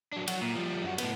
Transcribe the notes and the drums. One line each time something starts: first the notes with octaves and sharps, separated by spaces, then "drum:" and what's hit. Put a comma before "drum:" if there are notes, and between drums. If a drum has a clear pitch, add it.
F#3 D4
F#3 F#4, drum: cymbal
A#2
F3 G3
F#2 F#4
A2 B3, drum: cymbal